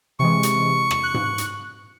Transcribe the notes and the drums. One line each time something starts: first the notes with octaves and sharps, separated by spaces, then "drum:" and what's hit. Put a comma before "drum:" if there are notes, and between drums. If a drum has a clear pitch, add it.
C3 E3 G#3 C#6
drum: hi-hat
drum: rim click
F#6
drum: tom G#2
drum: hi-hat